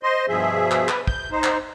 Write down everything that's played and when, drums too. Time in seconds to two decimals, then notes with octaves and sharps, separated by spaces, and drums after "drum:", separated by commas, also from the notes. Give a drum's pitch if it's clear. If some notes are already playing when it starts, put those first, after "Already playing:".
0.03 C5 D#5 C6
0.28 G2 B2 F3 G#4 E5
0.71 drum: clap
0.89 B4, drum: clap
1.07 G6, drum: kick
1.31 D#4 C5
1.44 drum: clap